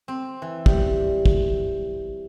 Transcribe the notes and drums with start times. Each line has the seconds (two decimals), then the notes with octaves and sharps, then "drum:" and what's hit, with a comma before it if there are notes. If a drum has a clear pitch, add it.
0.08 C4
0.42 E3
0.66 G3, drum: kick
1.26 drum: kick